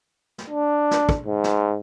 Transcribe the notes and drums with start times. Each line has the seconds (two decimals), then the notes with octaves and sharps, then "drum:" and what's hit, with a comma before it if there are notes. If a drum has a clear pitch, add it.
0.38 drum: snare
0.50 D4
0.91 drum: snare
1.09 drum: kick
1.26 G#2
1.44 drum: snare